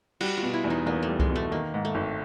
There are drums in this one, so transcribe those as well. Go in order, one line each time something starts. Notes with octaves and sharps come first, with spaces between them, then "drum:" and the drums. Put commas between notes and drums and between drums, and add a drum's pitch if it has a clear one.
G3 F#4, drum: cymbal
F4
B2
E4
E2
D#4
E2 A#3
A3
G3
G#3, drum: kick C2
B2
A3
D#3 A#3
G#2
A3
G#1